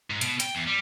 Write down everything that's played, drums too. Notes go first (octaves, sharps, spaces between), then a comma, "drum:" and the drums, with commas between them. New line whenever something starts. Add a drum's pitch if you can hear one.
G#2
B2, drum: hi-hat
G5, drum: hi-hat
E2
G3